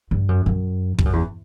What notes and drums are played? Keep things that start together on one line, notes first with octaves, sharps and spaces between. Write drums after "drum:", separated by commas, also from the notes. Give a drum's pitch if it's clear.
G2
F#2
F#2
G2, drum: kick
F#2
E2